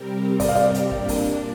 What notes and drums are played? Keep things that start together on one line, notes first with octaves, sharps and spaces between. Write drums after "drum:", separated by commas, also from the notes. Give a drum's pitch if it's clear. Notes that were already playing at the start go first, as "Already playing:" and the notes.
Already playing: C3 G3 C4 G4 A#4
D5, drum: kick, open hi-hat
F5
D5
drum: hi-hat
A#2 A#3 D4, drum: kick
drum: kick, open hi-hat